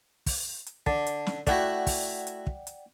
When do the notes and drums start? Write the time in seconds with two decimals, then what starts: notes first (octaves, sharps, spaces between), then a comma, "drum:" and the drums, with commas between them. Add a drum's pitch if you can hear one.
0.26 drum: kick, open hi-hat
0.66 drum: hi-hat
0.86 D3 A5, drum: kick
1.06 drum: hi-hat
1.27 drum: snare
1.47 A3 E4 F#4 D5 F#5 G5, drum: kick, hi-hat
1.87 drum: kick, open hi-hat
2.27 drum: hi-hat
2.47 drum: kick
2.67 drum: hi-hat